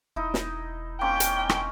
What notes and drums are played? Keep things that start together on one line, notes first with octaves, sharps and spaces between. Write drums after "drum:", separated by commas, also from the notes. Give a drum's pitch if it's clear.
E1 D#4 E4
drum: snare
A#3 C4 C#4 G5
drum: hi-hat
drum: rim click